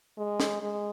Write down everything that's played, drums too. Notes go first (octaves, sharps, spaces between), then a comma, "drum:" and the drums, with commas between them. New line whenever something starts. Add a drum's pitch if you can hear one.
G#3
drum: snare
G#3